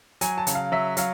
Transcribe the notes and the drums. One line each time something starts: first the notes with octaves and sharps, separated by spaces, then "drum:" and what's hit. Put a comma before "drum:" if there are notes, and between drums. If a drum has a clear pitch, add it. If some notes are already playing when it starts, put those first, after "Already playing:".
F#3 G#5, drum: hi-hat
A5
C#3, drum: hi-hat
F5
F#3 E5
F#3 F5, drum: hi-hat